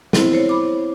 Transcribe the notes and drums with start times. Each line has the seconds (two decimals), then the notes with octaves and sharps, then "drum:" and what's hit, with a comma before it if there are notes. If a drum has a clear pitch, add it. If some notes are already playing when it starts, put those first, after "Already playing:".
0.13 B3 C4 E4 C5, drum: snare
0.33 C5 C#5
0.49 B5 D6